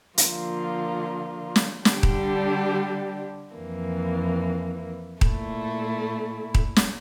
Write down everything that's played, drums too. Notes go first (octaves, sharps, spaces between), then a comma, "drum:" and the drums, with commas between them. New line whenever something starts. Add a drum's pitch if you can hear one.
D3 F3 A#3 F4, drum: hi-hat
drum: snare
D3 G3 D4 G4, drum: snare
drum: kick D#1
F2 E3 A#3
A#2 A3 E4, drum: kick D#1
drum: kick D#1
drum: snare